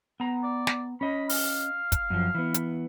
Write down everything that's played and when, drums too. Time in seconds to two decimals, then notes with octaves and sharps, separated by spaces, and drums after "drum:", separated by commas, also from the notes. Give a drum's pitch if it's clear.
0.20 B3 A#5
0.43 D5
0.67 drum: snare
1.01 C#4 D#5 B5
1.29 F5, drum: open hi-hat
1.92 drum: kick, hi-hat
2.10 F#2 F3
2.35 E3 B3
2.54 drum: hi-hat